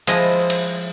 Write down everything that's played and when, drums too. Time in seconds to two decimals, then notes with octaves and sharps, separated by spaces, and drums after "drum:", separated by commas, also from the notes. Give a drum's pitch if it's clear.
0.07 F3 G#3 E4 D#5, drum: cymbal
0.50 drum: cymbal